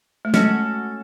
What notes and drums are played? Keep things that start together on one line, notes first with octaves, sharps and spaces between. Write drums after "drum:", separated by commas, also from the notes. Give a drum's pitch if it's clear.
A3
G#3 C#4 F#4 A4, drum: snare